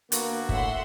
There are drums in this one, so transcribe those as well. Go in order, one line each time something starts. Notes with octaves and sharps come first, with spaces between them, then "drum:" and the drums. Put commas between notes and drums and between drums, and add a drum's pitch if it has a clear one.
D3 A#3 B3 F#4, drum: hi-hat
A2 E5 F#5 C6, drum: kick F#1